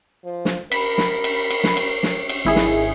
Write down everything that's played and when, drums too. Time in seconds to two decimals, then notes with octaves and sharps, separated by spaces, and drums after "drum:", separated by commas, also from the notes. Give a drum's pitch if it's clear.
0.24 F3
0.45 drum: snare
0.72 A#4 B5, drum: cymbal
0.98 drum: snare
1.24 drum: cymbal
1.50 drum: cymbal
1.64 drum: snare
1.77 drum: cymbal
2.03 drum: snare
2.29 drum: cymbal
2.45 G#1 D#3 E4 G#4
2.56 drum: snare